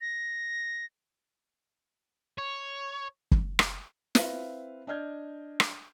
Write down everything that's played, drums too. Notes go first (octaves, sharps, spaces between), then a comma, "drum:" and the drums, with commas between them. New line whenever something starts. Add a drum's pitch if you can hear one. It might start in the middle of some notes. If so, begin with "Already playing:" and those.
A#6
C#5
drum: kick
drum: rim click
C4 E4 B4 F5, drum: snare
D4 D5 D#5 F6 G6 G#6
drum: rim click